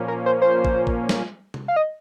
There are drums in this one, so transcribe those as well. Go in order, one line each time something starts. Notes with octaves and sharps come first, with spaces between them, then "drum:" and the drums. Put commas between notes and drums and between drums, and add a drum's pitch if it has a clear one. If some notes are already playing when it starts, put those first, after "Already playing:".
Already playing: A#2 F3 A#3 C#4
A#4
C5
C5
drum: kick
drum: kick
drum: snare G3
drum: tom
F5
D#5